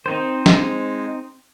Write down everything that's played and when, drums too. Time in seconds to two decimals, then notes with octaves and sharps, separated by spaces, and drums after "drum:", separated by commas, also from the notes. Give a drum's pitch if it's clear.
0.06 D#3 C4 D#4 C5
0.46 G#3, drum: snare